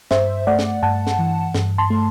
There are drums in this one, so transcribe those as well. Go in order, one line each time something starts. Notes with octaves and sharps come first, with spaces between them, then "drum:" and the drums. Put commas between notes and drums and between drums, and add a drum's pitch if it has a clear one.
G2 C5 E5, drum: snare
A3 D5 F#5
drum: snare
G2 F#5 A5
drum: snare
E3
G2, drum: snare
A5 C6
A3